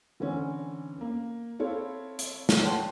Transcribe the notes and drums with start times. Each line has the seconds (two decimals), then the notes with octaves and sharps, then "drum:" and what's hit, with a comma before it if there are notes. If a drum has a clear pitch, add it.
0.20 D3 E3 C4 C#4
1.01 A#3
1.59 C4 E4 A4 C#5 F5
2.19 drum: hi-hat
2.49 drum: snare
2.62 B4 C#5 F#5 G5 A5 C6